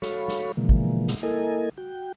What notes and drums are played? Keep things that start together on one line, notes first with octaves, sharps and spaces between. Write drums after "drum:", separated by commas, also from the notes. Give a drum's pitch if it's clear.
F#4 A4 C#5 F5 B5 C#6, drum: snare
drum: snare
B2 D3 E3 F3 G#3 A#3
drum: kick
drum: snare
A#3 E4 A4 A#4 D#5 G#5
F#4 G5